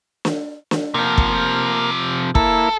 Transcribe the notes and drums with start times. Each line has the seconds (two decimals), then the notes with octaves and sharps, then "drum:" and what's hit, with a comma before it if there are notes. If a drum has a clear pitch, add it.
0.25 drum: snare
0.71 drum: snare
0.94 C3 F3 A#3 F6
1.18 drum: kick
2.35 A#3 E4 A4, drum: kick